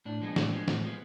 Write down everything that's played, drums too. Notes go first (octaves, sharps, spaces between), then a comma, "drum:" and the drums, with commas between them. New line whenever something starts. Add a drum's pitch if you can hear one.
A2 D4
F3 G#3 B3
A2, drum: snare
F3 G#3 B3
A2, drum: snare
F3 G#3 B3